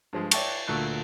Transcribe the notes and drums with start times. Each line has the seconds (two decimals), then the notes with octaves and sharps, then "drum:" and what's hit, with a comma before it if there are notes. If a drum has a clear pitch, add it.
0.13 G2 F3 G#3
0.31 C#5 D5 E5 G5 A5 C#6, drum: cymbal
0.68 D2 A#2 A3 C#6 F#6